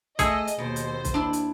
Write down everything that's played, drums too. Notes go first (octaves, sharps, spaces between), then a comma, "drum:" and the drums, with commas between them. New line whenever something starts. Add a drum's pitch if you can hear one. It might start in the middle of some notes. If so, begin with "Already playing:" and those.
A3 G#4 D#5 E5, drum: kick, hi-hat
drum: hi-hat
D#2 B2 C5
drum: hi-hat
drum: kick, hi-hat
D4 E4
drum: hi-hat